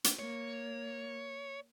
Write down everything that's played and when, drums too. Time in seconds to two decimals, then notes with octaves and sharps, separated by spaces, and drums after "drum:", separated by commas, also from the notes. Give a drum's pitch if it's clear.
0.04 drum: hi-hat
0.19 A#3 C#5